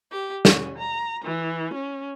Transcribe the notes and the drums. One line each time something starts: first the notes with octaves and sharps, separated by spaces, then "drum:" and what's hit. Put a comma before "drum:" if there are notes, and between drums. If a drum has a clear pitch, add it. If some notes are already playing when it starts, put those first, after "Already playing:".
G4
C#4, drum: snare
A#5
E3
C#4